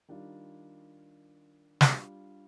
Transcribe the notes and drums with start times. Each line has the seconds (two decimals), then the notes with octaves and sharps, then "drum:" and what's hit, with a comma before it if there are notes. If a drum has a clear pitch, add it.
0.08 D#3 G3 D4 F4
1.81 G3 D4 F4, drum: snare